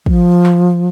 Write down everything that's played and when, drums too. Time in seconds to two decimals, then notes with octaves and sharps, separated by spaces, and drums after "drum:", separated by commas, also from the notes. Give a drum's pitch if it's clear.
0.06 F3, drum: kick
0.44 drum: clap